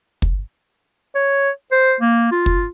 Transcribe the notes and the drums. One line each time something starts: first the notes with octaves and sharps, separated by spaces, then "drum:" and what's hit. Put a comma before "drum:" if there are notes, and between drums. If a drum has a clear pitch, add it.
drum: kick
C#5
C5
A#3
F4
drum: kick